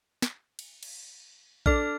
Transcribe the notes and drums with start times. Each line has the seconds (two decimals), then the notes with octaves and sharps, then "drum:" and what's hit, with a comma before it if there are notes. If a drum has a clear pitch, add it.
0.22 drum: snare
0.59 drum: cymbal
0.83 drum: cymbal
1.66 D4 A4 F6, drum: kick A#1